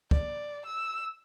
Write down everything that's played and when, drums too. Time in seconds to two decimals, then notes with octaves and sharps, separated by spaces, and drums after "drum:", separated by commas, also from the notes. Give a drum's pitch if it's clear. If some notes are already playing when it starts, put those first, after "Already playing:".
0.11 D5, drum: kick
0.66 E6